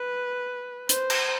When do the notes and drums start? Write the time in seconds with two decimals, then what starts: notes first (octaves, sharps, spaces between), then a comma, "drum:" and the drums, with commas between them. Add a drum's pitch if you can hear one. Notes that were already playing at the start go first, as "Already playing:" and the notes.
Already playing: B4
0.89 C5, drum: hi-hat
1.10 drum: cymbal